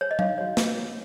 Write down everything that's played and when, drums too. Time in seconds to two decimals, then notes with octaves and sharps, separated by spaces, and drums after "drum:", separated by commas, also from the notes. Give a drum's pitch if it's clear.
0.01 C#5
0.11 D#5
0.19 D#4 F5, drum: tom F#3
0.38 F#4 C#5
0.57 drum: snare